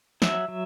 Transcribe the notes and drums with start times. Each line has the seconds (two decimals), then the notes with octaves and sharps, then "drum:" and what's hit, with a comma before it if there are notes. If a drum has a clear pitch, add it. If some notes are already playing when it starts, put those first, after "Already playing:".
0.22 F#3 E5, drum: snare
0.48 F#3